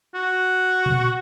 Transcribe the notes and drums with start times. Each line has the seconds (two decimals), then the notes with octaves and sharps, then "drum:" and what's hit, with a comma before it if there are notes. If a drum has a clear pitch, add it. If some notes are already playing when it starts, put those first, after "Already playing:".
0.14 F#4
0.86 drum: tom A#2